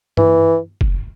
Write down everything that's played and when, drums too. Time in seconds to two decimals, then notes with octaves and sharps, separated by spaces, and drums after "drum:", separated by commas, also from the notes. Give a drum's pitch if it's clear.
0.17 E3, drum: tom G2
0.81 drum: kick F1